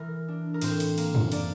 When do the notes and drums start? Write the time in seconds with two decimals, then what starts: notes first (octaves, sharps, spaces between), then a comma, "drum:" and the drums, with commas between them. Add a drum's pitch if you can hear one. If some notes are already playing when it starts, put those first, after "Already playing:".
Already playing: E3 A#4
0.28 D4
0.54 A#4
0.61 A2 C4 C5, drum: cymbal
0.80 drum: cymbal
0.98 A#3, drum: cymbal
1.15 drum: tom
1.32 A#3 D4 D5, drum: cymbal